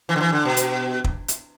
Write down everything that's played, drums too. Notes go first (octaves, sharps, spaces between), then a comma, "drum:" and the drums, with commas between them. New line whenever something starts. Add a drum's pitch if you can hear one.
E3
D3
E3
D3
B2
drum: hi-hat
drum: kick
drum: hi-hat